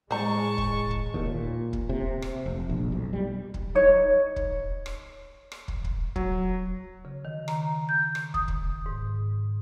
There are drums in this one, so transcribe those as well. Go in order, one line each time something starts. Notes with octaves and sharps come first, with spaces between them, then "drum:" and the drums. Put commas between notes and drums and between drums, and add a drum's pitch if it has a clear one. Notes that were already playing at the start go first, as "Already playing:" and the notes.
A2 G#3 C5 A5 A#5 C#6
drum: kick
drum: kick
D#2
A#2
drum: kick
C3
drum: rim click
F1
A#1
B1
G3
drum: kick
D#4 C#5
drum: kick
drum: rim click
drum: rim click
drum: kick
drum: kick
F#3, drum: kick
C#3
D#3
A#5, drum: rim click
G6
drum: rim click
D#6, drum: kick
drum: kick
G#2